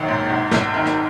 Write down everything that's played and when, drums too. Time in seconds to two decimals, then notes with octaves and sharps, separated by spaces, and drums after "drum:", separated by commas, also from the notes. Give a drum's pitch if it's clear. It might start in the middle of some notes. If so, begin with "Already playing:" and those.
Already playing: A#1 D#3 F#3
0.09 G#2
0.30 G#1
0.51 G#1, drum: snare
0.74 D#3
0.86 drum: rim click